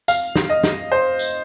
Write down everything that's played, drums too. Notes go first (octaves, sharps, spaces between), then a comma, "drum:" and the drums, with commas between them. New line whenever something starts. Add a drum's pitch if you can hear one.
F5, drum: tambourine
drum: snare
D#5
drum: snare
C5
drum: tambourine